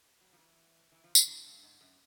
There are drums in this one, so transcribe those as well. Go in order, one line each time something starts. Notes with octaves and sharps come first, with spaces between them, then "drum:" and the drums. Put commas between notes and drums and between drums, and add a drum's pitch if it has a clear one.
F#3
F3
E3
E3
F3
D3, drum: tambourine
A2
G2
G#2
F#2